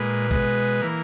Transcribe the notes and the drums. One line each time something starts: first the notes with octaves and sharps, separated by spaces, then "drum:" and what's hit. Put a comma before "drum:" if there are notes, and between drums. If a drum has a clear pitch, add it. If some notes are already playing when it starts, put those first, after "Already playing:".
Already playing: A#2 G#3 B4
B2 G#3, drum: kick A1
E3 A#3